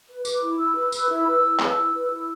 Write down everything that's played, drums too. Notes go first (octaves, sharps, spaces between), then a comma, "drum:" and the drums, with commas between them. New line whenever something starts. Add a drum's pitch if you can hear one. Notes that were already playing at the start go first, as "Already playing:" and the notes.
B4
B4 D6, drum: tambourine
E4
E4 E6
B4
B4, drum: tambourine
E4
B4
E4
B4, drum: clap
E4
B4
E4